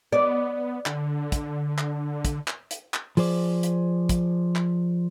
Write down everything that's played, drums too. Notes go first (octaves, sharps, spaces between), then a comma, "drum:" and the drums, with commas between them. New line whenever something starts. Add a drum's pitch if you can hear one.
B3 D5
D3, drum: clap
drum: kick, hi-hat
drum: clap
drum: kick, hi-hat
drum: clap
drum: hi-hat
drum: clap
F3 G#4 C5 D5, drum: open hi-hat
drum: hi-hat
drum: kick, hi-hat
drum: clap